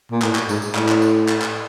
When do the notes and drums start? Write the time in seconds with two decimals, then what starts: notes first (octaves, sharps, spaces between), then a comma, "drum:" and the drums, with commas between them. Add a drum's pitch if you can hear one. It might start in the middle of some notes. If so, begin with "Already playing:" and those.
0.11 A#2
0.22 A2, drum: clap
0.35 drum: clap
0.49 G#2, drum: tambourine
0.62 drum: tambourine
0.75 A2, drum: clap
0.88 drum: clap
1.02 drum: tambourine
1.28 drum: clap
1.42 drum: clap